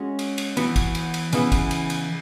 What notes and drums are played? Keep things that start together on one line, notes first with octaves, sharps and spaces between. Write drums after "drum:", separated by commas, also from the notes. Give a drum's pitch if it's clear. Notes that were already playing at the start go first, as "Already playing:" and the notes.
Already playing: G#3 C#4 F#4 C#5
drum: cymbal
drum: cymbal
E3 B3 F#4, drum: cymbal
drum: kick, cymbal
drum: cymbal
drum: cymbal
C#3 E3 B3 E4, drum: cymbal
drum: kick, cymbal
drum: cymbal
drum: cymbal